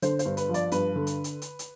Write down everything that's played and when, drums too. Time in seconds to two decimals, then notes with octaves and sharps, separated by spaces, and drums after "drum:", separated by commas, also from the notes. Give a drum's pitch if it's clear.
0.02 D3 C5, drum: hi-hat
0.19 C5, drum: hi-hat
0.25 G2
0.37 B4, drum: hi-hat
0.49 F3
0.54 D5, drum: hi-hat
0.72 G2 B4, drum: hi-hat
0.95 D3
1.07 drum: hi-hat
1.24 drum: hi-hat
1.42 drum: hi-hat
1.59 drum: hi-hat